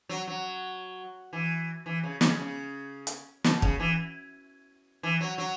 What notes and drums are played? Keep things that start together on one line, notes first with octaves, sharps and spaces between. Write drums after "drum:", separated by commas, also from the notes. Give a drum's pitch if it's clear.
F#3
F#3
E3
E3
C#3
C#3, drum: snare
C#3
drum: hi-hat
B2, drum: snare
C#3, drum: kick
E3
E3
F#3
F#3